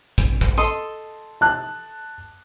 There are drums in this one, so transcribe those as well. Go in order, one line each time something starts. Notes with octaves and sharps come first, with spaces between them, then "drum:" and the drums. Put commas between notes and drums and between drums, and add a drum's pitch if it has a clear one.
drum: kick
drum: kick
A4 D#5 C6, drum: hi-hat
A5 F#6